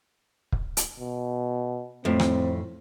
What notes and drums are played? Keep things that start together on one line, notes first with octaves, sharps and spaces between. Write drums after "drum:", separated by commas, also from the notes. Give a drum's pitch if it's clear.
drum: kick
drum: hi-hat
B2
F2 A2 C4
drum: rim click